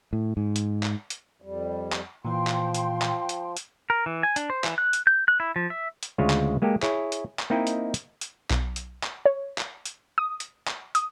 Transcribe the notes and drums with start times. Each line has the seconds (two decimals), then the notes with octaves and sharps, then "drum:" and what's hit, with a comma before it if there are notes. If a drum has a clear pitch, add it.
0.13 A2
0.37 G#2
0.56 drum: hi-hat
0.83 drum: clap
1.10 drum: hi-hat
1.42 F2 G3
1.92 drum: clap
2.25 A#2 E3 F3 G5 C6
2.47 drum: clap
2.74 drum: hi-hat
3.02 drum: clap
3.29 drum: hi-hat
3.57 drum: hi-hat
3.90 A#4
4.06 E3
4.23 G#5
4.36 D4, drum: hi-hat
4.50 C5
4.64 E3, drum: clap
4.78 F#6
4.93 drum: hi-hat
5.07 G6
5.28 F#6
5.40 E4
5.56 F3
5.70 E5
6.03 drum: hi-hat
6.18 D2 C#3 G#3 F4 C#5 F5
6.30 drum: clap
6.62 G#3 A#3 G4 A4
6.82 E4 G#4 C#5, drum: clap
7.12 drum: hi-hat
7.39 drum: clap
7.50 A#3 C4 D#4 E4 D#5 G5
7.67 drum: hi-hat
7.94 drum: hi-hat
8.21 drum: hi-hat
8.50 B1, drum: clap
8.76 drum: hi-hat
9.03 drum: clap
9.26 C#5
9.58 drum: clap
9.85 drum: hi-hat
10.18 D#6
10.40 drum: hi-hat
10.68 drum: clap
10.95 D#6, drum: hi-hat